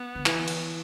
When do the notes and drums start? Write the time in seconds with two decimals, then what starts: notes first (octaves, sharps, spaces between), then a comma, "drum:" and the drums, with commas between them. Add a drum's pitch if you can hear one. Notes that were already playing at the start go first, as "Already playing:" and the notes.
Already playing: B3
0.15 D3
0.26 E3, drum: clap
0.48 drum: cymbal